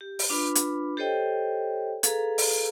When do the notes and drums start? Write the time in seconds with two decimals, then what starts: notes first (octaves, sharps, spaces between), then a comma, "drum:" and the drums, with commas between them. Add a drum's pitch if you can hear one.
0.01 G4
0.19 drum: open hi-hat
0.30 D4 F4 B4 B5
0.55 drum: hi-hat
0.97 G4 A4 C5 C#5 D#5 G5
2.03 G#4 A4 B4 F5 A#5, drum: hi-hat
2.38 drum: open hi-hat